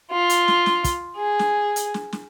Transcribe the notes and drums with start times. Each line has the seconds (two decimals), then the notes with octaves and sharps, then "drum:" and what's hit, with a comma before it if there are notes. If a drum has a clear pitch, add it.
0.11 F4
0.30 drum: hi-hat
0.48 drum: snare
0.66 drum: snare
0.84 drum: kick, hi-hat
1.17 G#4
1.39 drum: snare
1.76 drum: hi-hat
1.94 drum: snare
2.13 drum: snare